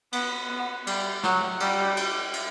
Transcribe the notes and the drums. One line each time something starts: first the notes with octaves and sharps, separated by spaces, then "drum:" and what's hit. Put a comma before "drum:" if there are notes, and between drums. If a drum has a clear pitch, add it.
B3, drum: cymbal
B3
G3, drum: cymbal
F#3, drum: snare
G3, drum: cymbal
drum: cymbal
drum: cymbal